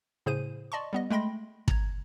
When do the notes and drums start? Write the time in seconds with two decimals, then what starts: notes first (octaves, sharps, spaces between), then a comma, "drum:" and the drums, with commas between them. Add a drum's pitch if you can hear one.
0.26 A2 C#3 G#4 C5 G6 D#7
0.72 D5 D#5 A5 C6 C#6
0.93 G3 B3 D#5
1.10 G#3 A3 G5 B5 C6 A#6
1.68 A#5 G#6, drum: kick